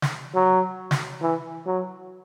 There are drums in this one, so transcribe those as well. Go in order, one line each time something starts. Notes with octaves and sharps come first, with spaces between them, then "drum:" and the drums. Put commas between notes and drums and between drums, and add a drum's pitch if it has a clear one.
drum: snare
F#3
drum: snare
E3
F#3